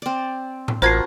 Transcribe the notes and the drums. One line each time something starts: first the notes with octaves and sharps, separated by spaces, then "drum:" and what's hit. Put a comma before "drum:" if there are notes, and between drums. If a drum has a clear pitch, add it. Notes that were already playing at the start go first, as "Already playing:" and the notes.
C4 D5
drum: tom A2
A1 F4 F#4 A#4 C5 A5 G#6 C7